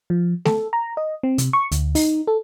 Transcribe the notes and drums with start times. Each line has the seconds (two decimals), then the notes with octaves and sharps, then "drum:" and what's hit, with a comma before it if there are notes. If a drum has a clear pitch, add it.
0.10 F3
0.45 A4, drum: snare A3
0.73 A#5
0.97 D#5
1.23 C4
1.38 C3, drum: hi-hat
1.53 C#6
1.72 D2, drum: hi-hat
1.95 D#4, drum: open hi-hat
2.27 A4